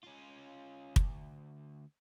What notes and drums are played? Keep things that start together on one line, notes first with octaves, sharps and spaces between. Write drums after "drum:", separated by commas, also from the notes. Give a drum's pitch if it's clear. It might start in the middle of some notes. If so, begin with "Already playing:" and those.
C#4 F4
D2, drum: kick